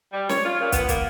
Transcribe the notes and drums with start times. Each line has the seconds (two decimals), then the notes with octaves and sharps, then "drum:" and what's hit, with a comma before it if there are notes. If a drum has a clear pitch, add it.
0.13 G3
0.29 C#5, drum: snare
0.45 F4
0.61 A#2
0.72 B3, drum: kick, hi-hat
0.89 A#3, drum: kick, hi-hat